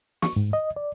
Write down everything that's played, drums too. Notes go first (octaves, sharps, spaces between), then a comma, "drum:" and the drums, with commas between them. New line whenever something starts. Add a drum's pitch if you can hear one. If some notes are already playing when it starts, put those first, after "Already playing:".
C#6, drum: snare
G#2
D#5
D5